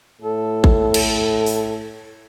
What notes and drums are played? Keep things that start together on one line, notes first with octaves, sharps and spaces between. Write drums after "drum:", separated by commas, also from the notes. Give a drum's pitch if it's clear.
A2 A4
drum: kick
drum: cymbal
drum: open hi-hat